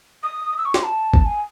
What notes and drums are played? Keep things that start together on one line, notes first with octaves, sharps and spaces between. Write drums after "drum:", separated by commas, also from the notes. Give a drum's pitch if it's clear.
D#6
E6
C#6
C6, drum: snare
A5
drum: kick
G#5